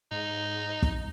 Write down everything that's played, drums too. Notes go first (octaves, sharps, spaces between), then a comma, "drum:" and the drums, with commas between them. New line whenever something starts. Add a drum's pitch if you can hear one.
G#2 D#4
drum: kick